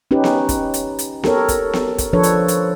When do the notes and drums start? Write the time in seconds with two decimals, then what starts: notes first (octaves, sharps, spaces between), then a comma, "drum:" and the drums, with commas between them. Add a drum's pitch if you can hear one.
0.11 C#4 D#4 G4 B4
0.24 drum: snare B3
0.49 drum: kick, hi-hat
0.74 drum: hi-hat
0.99 drum: hi-hat
1.24 G4 A4 A#4 C#5, drum: snare B3
1.48 drum: kick, hi-hat
1.73 drum: snare B3
1.98 drum: kick, hi-hat
2.13 F3 D4 A4 B4 C#5
2.23 drum: hi-hat
2.48 drum: hi-hat